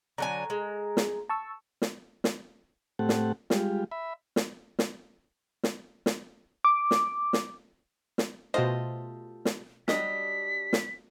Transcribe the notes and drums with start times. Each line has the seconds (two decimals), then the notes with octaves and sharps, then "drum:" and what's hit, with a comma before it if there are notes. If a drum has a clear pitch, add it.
0.18 D3 F#3 G#5 A#5
0.50 G#3
0.97 drum: snare
1.29 A5 C#6 E6
1.82 drum: snare
2.24 drum: snare
2.99 A2 A3 C4 G4 A4 F#5
3.09 drum: snare
3.50 G3 G#3 F4 G4, drum: snare
3.92 E5 B5
4.36 drum: snare
4.79 drum: snare
5.63 drum: snare
6.06 drum: snare
6.65 D6
6.91 drum: snare
7.33 drum: snare
8.18 drum: snare
8.54 B2 A3 F4 G4 C5 D#5
9.45 drum: snare
9.88 F#3 G3 D4 G4 D#5 B6, drum: snare
10.73 drum: snare